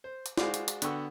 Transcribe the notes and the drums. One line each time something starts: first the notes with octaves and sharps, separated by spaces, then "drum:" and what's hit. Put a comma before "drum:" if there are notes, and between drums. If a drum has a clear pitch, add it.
C5
drum: hi-hat
G#3 F#4 C5 D5 F5 D6, drum: snare
drum: hi-hat
drum: hi-hat
D3 B3 F#4 G5 C#6 E6, drum: hi-hat